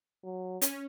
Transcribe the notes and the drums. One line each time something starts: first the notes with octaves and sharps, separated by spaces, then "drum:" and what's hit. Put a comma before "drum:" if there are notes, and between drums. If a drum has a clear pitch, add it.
F#3
C#4, drum: hi-hat